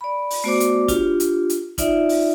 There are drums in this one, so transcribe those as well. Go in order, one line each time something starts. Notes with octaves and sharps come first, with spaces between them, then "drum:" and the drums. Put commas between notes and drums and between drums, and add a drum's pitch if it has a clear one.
D5 B5
drum: open hi-hat
A3 B3 F#4 C5 D5 D6
drum: hi-hat
D4 F4 G4, drum: kick, hi-hat
drum: hi-hat
drum: hi-hat
D#4 F4 D5 E5, drum: kick, hi-hat
drum: open hi-hat